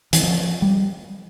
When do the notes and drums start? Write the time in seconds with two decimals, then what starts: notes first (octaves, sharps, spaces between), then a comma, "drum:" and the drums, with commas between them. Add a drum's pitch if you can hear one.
0.13 E3, drum: hi-hat
0.23 F3
0.62 G3